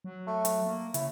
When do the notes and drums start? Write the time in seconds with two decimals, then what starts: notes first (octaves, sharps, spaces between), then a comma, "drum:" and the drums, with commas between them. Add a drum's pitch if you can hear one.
0.04 F#3
0.27 A3
0.45 drum: hi-hat
0.66 A#3
0.94 C#3 E4, drum: hi-hat